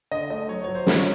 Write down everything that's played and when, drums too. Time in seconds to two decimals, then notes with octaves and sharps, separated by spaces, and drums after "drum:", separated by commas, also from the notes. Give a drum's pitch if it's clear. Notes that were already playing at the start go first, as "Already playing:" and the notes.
0.11 D3 D#5
0.30 A3 D#5
0.49 F#3 C#5
0.64 F#3 C#5
0.75 C5
0.87 D#4, drum: snare
0.99 C#5